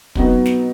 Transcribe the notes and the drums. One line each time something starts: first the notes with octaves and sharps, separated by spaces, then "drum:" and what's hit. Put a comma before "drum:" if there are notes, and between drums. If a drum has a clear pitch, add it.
B2 F#3 B3 D#4 F#4, drum: kick
drum: snare